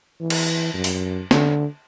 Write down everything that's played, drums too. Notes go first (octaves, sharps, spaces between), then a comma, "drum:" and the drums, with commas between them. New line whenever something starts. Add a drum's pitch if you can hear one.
E3
drum: cymbal
F#2
drum: open hi-hat
D3, drum: snare